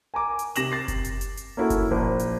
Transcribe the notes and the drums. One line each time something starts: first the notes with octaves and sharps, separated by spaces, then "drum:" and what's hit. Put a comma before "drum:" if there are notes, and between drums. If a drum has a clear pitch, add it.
G#5 A#5 D6
drum: hi-hat
C3 A#6 E7 F#7, drum: hi-hat
A6 C7
drum: kick F#1, hi-hat
drum: hi-hat
drum: hi-hat
drum: hi-hat
A#3 C#4 E4 F#4 A4
drum: kick F#1, hi-hat
A#1
drum: hi-hat